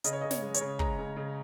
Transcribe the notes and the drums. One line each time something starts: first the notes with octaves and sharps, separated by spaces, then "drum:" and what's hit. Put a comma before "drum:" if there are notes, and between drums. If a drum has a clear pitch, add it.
C#3 D#5, drum: hi-hat
C#5
C#3 D#5
C#5, drum: snare
G#3
C#5, drum: hi-hat
C#3
G#3 A#5, drum: kick
C#3
C#3